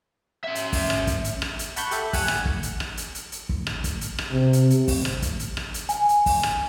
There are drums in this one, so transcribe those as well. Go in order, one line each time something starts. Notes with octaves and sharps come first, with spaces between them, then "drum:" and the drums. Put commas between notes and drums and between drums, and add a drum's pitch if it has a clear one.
C#4 E5
drum: hi-hat
drum: kick, open hi-hat
drum: rim click
drum: kick, hi-hat
drum: hi-hat
drum: rim click
drum: hi-hat
F#5 A5 B5 C#6 G6, drum: hi-hat
G4 A4 E5, drum: hi-hat
F#5 G#5 F#6, drum: kick, open hi-hat
drum: rim click
drum: kick
drum: hi-hat
drum: rim click
drum: hi-hat
drum: hi-hat
drum: hi-hat
drum: kick
drum: rim click
drum: kick, hi-hat
drum: hi-hat
drum: rim click
C3
drum: hi-hat
drum: hi-hat
drum: kick, open hi-hat
drum: rim click
drum: kick, hi-hat
drum: hi-hat
drum: rim click
drum: hi-hat
G#5, drum: hi-hat
drum: hi-hat
drum: kick, open hi-hat
drum: rim click